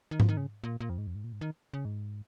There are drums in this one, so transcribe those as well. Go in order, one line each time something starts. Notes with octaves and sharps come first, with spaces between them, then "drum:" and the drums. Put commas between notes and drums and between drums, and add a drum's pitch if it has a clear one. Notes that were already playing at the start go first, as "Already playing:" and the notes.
D#3
F3, drum: tom G#2
D#3
C#3
A#2
A#2
F2
G#2
F2
G#2
A#2
G#2
D#3
C#3
G#2